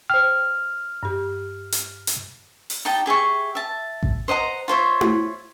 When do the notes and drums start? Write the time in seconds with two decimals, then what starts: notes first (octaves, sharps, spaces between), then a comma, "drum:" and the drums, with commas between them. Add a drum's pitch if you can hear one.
0.10 C5 G5 F6
1.03 G2 G4
1.72 drum: hi-hat
2.07 drum: hi-hat
2.70 drum: open hi-hat
2.85 D#4 G4 G5 A5
3.06 G4 G#4 E5 C#6
3.55 E5 A5
4.03 drum: kick A1
4.28 C5 D#5 F#5 A#5
4.68 F4 C5 C#5 E5
5.01 drum: tom E4